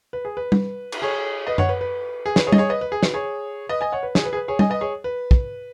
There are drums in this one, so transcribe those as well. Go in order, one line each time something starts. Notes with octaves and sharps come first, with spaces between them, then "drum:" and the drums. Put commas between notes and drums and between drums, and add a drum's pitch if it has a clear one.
B4
G#4
B4
drum: tom G3
drum: cymbal
G#4 C#5
B4 D#5
C#5 F#5, drum: tom F#2
B4
B4
G#4
B4, drum: snare
G#4 C#5
D#5, drum: tom G3
G#4 C#5
B4 D#5
B4
G#4
B4, drum: snare
G#4 C#5
B4 D#5
D#5 G#5
C#5 F#5
B4
G#4, drum: snare
B4
G#4
B4
G#4 C#5
D#5 G#5, drum: tom G3
B4 D#5
G#4 C#5
B4
drum: kick